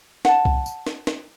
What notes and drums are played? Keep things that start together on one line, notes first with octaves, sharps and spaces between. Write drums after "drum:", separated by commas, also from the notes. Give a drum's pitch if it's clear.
F#5 A5, drum: snare
drum: kick C2
drum: tambourine
drum: snare
drum: snare